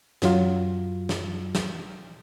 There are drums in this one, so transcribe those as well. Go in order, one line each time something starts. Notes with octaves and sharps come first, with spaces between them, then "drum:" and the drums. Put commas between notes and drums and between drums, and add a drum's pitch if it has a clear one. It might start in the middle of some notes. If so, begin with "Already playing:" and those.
F#2 F#3 F4, drum: snare
drum: snare
drum: snare